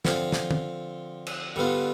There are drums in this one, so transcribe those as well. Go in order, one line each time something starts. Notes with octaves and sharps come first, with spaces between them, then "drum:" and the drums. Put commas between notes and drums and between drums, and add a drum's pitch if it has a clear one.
D3 F3 C4 F4, drum: snare
drum: snare
drum: tom
drum: cymbal
D3 G3 B3 F4